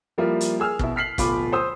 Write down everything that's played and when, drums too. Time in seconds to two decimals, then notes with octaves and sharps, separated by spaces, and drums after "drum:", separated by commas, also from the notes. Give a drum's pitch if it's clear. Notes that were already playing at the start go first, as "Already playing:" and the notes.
0.18 F3 G3 A#3 E4 F4
0.41 drum: hi-hat
0.60 G#4 E6 F6
0.79 B2 E4, drum: kick
0.96 F6 B6 C7 F#7
1.18 D1 B2 F4 B5 D6, drum: kick, hi-hat
1.53 C5 C6 D#6 E6